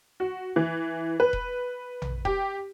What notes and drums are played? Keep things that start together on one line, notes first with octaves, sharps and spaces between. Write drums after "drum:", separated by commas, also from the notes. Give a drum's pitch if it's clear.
F#4
E3
B4
drum: kick E1
drum: tom A#1
G4, drum: kick E1